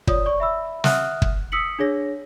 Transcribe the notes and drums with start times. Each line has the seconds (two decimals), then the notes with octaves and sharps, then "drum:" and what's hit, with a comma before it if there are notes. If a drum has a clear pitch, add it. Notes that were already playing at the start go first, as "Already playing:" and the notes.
0.07 F4 C#5 D5 D#6, drum: kick
0.26 D5 C#6
0.40 E5 B5 E6
0.84 E5 F#5 D#6 F6 F#6, drum: snare
1.22 drum: kick
1.52 D#6 E6 B6 C#7 F#7
1.79 D4 G#4 C#5 A#6